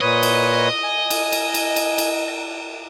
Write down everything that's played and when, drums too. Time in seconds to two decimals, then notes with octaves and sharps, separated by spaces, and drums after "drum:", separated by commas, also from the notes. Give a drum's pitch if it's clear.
0.01 A#2 B4 C#5 D#5
0.23 drum: cymbal
0.84 G#5
1.10 drum: cymbal
1.32 drum: cymbal
1.54 drum: cymbal
1.76 drum: cymbal
1.98 drum: cymbal